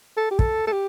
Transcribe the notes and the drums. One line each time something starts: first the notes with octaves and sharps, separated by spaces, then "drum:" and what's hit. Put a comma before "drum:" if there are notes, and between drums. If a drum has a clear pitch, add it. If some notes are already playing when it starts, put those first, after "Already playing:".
A4
G4
A4, drum: kick
A4
G4